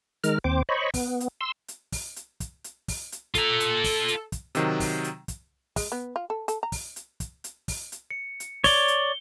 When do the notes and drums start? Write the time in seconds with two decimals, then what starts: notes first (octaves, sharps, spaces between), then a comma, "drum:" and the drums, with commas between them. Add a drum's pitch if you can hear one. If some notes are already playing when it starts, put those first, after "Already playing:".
0.24 D#3 G#3 A#4 F6, drum: hi-hat
0.44 D#2 C4 C5 D6
0.69 C5 C#5 D#5 B5 C#6
0.94 B3, drum: kick, open hi-hat
1.20 drum: hi-hat
1.41 C6 E6
1.68 drum: hi-hat
1.92 drum: kick, open hi-hat
2.16 drum: hi-hat
2.40 drum: kick, hi-hat
2.64 drum: hi-hat
2.88 drum: kick, open hi-hat
3.12 drum: hi-hat
3.35 F4 A4 A#5, drum: kick, hi-hat
3.60 drum: hi-hat
3.84 drum: kick, open hi-hat
4.08 drum: hi-hat
4.32 drum: kick, hi-hat
4.55 C3 D#3 F#3, drum: hi-hat
4.80 drum: kick, open hi-hat
5.04 drum: hi-hat
5.28 drum: kick, hi-hat
5.76 G#3, drum: kick, open hi-hat
5.92 B3
6.16 F4
6.30 A4
6.48 A4, drum: hi-hat
6.63 A#5
6.72 drum: kick, open hi-hat
6.96 drum: hi-hat
7.20 drum: kick, hi-hat
7.44 drum: hi-hat
7.68 drum: kick, open hi-hat
7.92 drum: hi-hat
8.11 C#7
8.40 drum: hi-hat
8.64 C#5 D5 G7, drum: kick, open hi-hat
8.88 drum: hi-hat